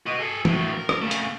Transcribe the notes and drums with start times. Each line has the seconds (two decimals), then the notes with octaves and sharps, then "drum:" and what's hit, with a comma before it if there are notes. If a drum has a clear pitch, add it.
0.06 F#4 D#5
0.19 G#4 A4
0.45 A2 F#3, drum: tom
0.73 A#4
0.89 drum: rim click
1.02 C#3 A3
1.11 drum: hi-hat